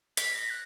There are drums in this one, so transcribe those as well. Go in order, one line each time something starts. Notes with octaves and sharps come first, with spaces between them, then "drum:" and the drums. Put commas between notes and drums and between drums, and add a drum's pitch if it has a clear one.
B6, drum: hi-hat
A#6
F#6